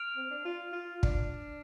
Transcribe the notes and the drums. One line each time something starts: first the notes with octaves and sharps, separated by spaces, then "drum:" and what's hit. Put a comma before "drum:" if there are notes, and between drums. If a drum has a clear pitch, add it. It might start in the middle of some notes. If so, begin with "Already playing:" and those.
Already playing: F6 D7 F7
C4
D4
F4
F4
D4, drum: kick